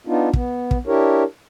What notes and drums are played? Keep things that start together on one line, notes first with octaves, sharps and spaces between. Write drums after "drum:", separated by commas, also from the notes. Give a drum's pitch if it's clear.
B3 D4 D#4 F4
B3, drum: kick
drum: kick
D4 E4 G4 A#4 C#5